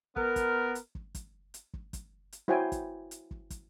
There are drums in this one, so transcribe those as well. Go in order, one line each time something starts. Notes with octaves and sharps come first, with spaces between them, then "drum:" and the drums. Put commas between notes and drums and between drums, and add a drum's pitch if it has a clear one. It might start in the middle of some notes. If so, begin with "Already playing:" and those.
B3 A#4, drum: kick
drum: kick, hi-hat
drum: hi-hat
drum: kick
drum: kick, hi-hat
drum: hi-hat
drum: kick
drum: kick, hi-hat
drum: hi-hat
E4 F#4 C5 C#5 G5 G#5
drum: kick, hi-hat
drum: hi-hat
drum: kick
drum: kick, hi-hat